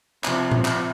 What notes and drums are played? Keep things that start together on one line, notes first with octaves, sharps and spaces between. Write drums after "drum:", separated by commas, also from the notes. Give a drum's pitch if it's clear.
C3 F3, drum: clap
drum: tom A#2
drum: clap